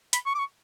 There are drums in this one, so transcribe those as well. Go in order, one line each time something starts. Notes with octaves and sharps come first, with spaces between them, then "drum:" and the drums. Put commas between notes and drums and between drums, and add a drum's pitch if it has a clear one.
B5, drum: hi-hat
C#6
D6
C#6